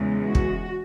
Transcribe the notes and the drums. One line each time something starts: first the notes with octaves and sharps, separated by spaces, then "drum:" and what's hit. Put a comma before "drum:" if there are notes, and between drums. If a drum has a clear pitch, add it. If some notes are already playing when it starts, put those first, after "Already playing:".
Already playing: E2 C#3 E3 G#3
F#4
drum: kick